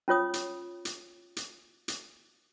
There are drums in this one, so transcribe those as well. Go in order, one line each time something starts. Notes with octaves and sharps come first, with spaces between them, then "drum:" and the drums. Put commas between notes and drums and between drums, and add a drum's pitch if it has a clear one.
C#4 F4 C#5 D#6
drum: hi-hat
drum: hi-hat
drum: hi-hat
drum: hi-hat